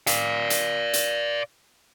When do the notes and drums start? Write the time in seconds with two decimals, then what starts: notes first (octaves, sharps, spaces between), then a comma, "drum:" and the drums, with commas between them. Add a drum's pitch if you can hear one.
0.07 D5 F5, drum: hi-hat
0.50 drum: hi-hat
0.93 drum: hi-hat